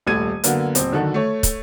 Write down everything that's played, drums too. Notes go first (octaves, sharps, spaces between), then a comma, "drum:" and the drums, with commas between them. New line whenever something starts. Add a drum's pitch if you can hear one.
D#1 C2 A3 G#6 D#7
F#2 D3 A#3 B3, drum: hi-hat
D#1 C4, drum: hi-hat
B1 D3 D#3 F#4 A4
A3 C#5
drum: kick, hi-hat